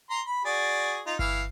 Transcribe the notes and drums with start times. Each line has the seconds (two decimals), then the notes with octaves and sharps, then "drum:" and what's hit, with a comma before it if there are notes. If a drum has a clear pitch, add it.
0.10 A#5 C6
0.26 B5
0.45 F#4 G#4 D5
1.06 D#4 F4
1.19 E3 F5, drum: kick G1